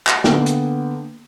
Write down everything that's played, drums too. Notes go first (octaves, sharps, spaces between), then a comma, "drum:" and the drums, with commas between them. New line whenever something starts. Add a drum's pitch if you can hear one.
drum: clap
D3 A#3 B3 G5, drum: snare
drum: hi-hat